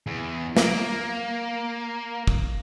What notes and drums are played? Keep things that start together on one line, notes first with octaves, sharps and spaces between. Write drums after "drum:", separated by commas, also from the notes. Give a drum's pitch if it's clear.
E2
A#3, drum: snare
drum: kick